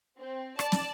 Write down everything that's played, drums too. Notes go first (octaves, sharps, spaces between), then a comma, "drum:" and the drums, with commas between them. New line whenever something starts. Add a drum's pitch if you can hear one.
C4
D5 A5, drum: rim click
drum: snare